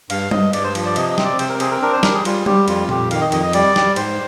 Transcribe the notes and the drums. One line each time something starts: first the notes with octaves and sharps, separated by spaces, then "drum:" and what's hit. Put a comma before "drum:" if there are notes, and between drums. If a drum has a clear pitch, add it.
G2 F5, drum: cymbal
G2 D#5, drum: tom G3
G2 D5, drum: cymbal
C5
F3, drum: cymbal
D5
C3 D#5, drum: cymbal
D#5
C4, drum: snare
D5
C3 C5, drum: cymbal
A#4
C4 G#4, drum: cymbal
A#4
D4 A#4
C5
G3 A#4, drum: snare
G#4
G3 F4, drum: cymbal
G3 G4, drum: tom G3
F2 F4, drum: cymbal
F2 G4, drum: tom A#2
D#3 F5, drum: cymbal
D#5
F2 D#5, drum: cymbal
D#5
G3 D5, drum: cymbal
G3, drum: snare
G#2 C5, drum: cymbal